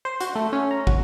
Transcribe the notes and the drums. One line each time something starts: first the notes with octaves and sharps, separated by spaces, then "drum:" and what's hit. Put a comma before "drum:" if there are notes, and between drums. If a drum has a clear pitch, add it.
C5
F#4, drum: hi-hat
A3
C#4
A#5
F#4, drum: kick